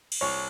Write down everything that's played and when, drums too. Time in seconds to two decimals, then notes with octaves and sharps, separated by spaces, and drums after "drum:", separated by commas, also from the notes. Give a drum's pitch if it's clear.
0.12 drum: cymbal
0.21 C2 C#5